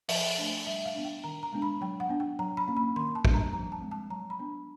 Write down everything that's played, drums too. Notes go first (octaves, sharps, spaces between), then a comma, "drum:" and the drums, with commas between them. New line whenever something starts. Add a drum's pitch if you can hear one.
F3 E5, drum: open hi-hat
A3 D4
G3 E5
F5
B3 D4
G5
D#3 A#5
A#5
G#3 B3 D4
B5
F#3 G5
F#5
B3 D4
G5
F#3 A#5
B5
A#3 C#4
B5
D#3 C6
A5
G3 B3 D4, drum: kick
A#5
F3 A#5
A5
G#3 C4
A5
F#3 A#5
B5
B3 D4